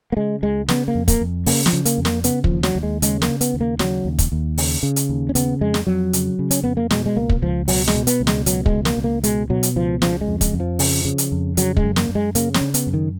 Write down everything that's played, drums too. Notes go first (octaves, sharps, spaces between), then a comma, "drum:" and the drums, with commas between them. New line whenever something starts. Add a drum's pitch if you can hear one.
A#3
C#3 G#3
C#2 G#3
C#3 B3, drum: snare
A#3
F2
A#3, drum: kick, hi-hat
F2
C#3 A#3, drum: open hi-hat
F3, drum: snare
C#3
A#3, drum: hi-hat
F2
A#3, drum: snare
C#3 B3, drum: hi-hat
F3, drum: kick
D#2
F#3, drum: snare
D#2
G#3
C#3 G#3, drum: hi-hat
A#3, drum: snare
C#3
B3, drum: hi-hat
D#2
A#3
C#3 F#3, drum: snare
D#2
drum: kick, hi-hat
D#2
C#3, drum: open hi-hat
C#3
drum: hi-hat
D#2
C#4
C#3 B3, drum: hi-hat
F2 G#3
drum: snare
F2 F#3
C#3, drum: hi-hat
C#3
C#4, drum: hi-hat
F2 B3
A#3
B2 G#3, drum: snare
G#3
C#2 A#3
drum: kick
C#2 F3
B2 F#3, drum: open hi-hat
G#3, drum: snare
B2
B3, drum: hi-hat
C#2
G#3, drum: snare
B2 F#3, drum: hi-hat
G#3, drum: kick
C#2
A#3, drum: snare
C#2
A#3
B2 G#3, drum: hi-hat
B2 F#3
drum: hi-hat
C#2 F3
C#3 F3, drum: snare
G#3
F2
G#3, drum: kick, hi-hat
F2
F3
C#3, drum: open hi-hat
C#3
drum: hi-hat
F2
C#3 F#3, drum: hi-hat
G#3, drum: kick
F#2
A#3, drum: snare
F#2
G#3
C#3 A#3, drum: hi-hat
C#4, drum: snare
C#3
B3, drum: hi-hat
F#2
D#3